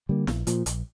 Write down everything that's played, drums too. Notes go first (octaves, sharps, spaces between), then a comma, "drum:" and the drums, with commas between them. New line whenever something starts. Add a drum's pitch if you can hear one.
D3 G3 A#3
A#1, drum: snare
A#2 F3, drum: hi-hat
A#1, drum: hi-hat